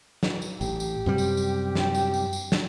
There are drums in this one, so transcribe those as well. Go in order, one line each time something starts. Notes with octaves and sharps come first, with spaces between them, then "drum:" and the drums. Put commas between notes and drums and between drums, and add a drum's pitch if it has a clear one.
drum: snare
drum: tambourine
A1 G4, drum: tambourine
drum: tambourine
F#2 C3 G3
drum: tambourine
drum: tambourine
drum: snare
drum: tambourine
drum: tambourine
drum: tambourine
drum: snare